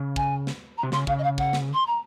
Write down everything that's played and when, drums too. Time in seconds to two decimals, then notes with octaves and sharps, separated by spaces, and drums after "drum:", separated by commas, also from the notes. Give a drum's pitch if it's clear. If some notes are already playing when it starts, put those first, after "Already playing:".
Already playing: C#3
0.16 G#5, drum: kick
0.47 drum: snare
0.77 A#5
0.83 C3
0.92 C#3 C6, drum: snare
1.07 C#3 F5, drum: kick
1.18 D#5
1.23 F5
1.38 F#5, drum: kick
1.53 drum: snare
1.73 C6
1.87 A#5